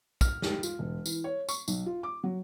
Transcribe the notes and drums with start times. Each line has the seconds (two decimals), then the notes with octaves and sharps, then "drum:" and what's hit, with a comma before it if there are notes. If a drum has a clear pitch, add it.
0.21 F6, drum: kick, tambourine
0.42 G4, drum: snare
0.63 F4, drum: tambourine
0.79 E1
1.06 E3, drum: tambourine
1.24 C#5
1.49 C#6, drum: tambourine
1.68 B1, drum: tambourine
1.86 F4
2.03 D6
2.24 F#3